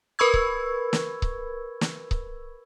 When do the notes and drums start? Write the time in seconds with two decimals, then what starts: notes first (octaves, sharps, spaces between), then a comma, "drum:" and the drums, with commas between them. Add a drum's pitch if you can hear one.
0.19 A#4 B4 B5 C#6 E6 G#6
0.34 drum: kick C#1
0.93 drum: snare
1.22 drum: kick C#1
1.81 drum: snare
2.11 drum: kick C#1